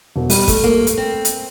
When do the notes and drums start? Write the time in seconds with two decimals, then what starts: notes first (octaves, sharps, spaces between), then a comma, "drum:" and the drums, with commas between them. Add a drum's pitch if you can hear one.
0.16 E1
0.30 G3, drum: open hi-hat
0.48 A3, drum: kick, hi-hat
0.64 A#3
0.87 drum: hi-hat
0.97 C4
1.25 drum: hi-hat